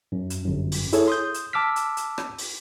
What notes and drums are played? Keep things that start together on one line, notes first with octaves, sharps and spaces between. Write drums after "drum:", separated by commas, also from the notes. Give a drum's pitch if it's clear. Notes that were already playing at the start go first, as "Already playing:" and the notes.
F#2
drum: hi-hat
G1 F#2
drum: open hi-hat
E4 G#4 A4 C#5, drum: hi-hat
C6 D#6 G6
drum: hi-hat
A5 D6 E6 F6 B6
drum: hi-hat
drum: hi-hat
drum: rim click
drum: open hi-hat